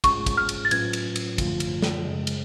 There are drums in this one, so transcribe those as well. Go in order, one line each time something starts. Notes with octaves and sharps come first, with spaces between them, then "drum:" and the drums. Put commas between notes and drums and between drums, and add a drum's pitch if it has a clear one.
G#2 G#3 C#4 F4 G#4 C#6, drum: kick, cymbal
drum: kick, cymbal
F6
drum: cymbal
A6
A2 F#3 C#4 F4 B4 G#6, drum: cymbal
drum: cymbal
drum: cymbal
F#2 D3 F3 A3 F4, drum: kick, cymbal
drum: cymbal
drum: snare
F#2 C#3 G#3
drum: cymbal